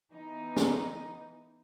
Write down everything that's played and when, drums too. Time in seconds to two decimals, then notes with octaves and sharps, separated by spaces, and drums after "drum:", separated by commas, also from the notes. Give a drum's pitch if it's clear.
0.12 E3 B3 D#4
0.56 drum: snare